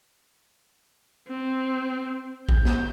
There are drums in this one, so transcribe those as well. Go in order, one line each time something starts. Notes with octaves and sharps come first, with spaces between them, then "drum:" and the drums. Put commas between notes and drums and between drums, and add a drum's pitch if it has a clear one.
C4
G6, drum: kick A#1
drum: snare